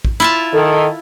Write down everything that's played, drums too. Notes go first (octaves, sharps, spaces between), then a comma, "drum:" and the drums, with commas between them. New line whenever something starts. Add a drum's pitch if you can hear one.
drum: kick
E4 F4 A5
D#3 A4